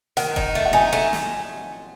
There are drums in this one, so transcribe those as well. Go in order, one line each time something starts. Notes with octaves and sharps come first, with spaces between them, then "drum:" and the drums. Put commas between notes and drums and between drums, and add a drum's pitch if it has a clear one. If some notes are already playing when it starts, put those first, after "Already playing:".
D#3 F#5, drum: hi-hat
D#4, drum: kick F1
A3
F#5
D#4 G#5
A3
drum: snare